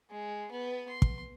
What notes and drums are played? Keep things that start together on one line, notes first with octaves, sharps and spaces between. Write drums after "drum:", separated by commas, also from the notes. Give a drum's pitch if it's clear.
G#3
B3 B4
C6
drum: kick